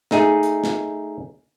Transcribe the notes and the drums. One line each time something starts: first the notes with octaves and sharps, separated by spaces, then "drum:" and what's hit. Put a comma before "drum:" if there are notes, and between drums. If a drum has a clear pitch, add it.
A3 D#4 G#4, drum: snare
drum: hi-hat
drum: snare